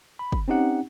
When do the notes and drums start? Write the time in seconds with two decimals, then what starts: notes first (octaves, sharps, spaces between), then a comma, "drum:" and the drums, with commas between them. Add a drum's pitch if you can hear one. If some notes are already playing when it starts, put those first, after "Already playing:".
0.19 B5
0.32 drum: kick
0.48 C4 C#4 D#4 G4 F#5